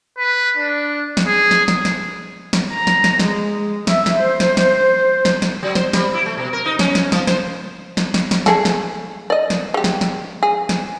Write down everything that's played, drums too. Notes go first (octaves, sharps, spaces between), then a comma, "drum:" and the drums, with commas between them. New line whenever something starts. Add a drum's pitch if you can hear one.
B4
D4
drum: snare
G#4
drum: snare
drum: snare
drum: snare
drum: snare
A#5
drum: snare
drum: snare
G#3, drum: snare
E5, drum: snare
drum: snare
C5
drum: snare
drum: snare
drum: snare
drum: snare
F#3
C5, drum: snare
G3, drum: snare
E4
A3
B2
A#4
D#4
C#4, drum: snare
drum: snare
F3, drum: snare
C5, drum: snare
drum: snare
drum: snare
drum: snare
A3 G#4 A4, drum: snare
drum: snare
D5 D#5
drum: snare
G#3 G4
drum: snare
drum: snare
G#4
drum: snare